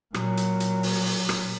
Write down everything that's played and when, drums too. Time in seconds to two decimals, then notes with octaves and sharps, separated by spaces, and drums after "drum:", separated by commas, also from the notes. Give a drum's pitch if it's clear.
0.14 A#2 F#3, drum: rim click
0.37 drum: hi-hat
0.60 drum: hi-hat
0.83 drum: open hi-hat
1.06 drum: open hi-hat
1.29 drum: rim click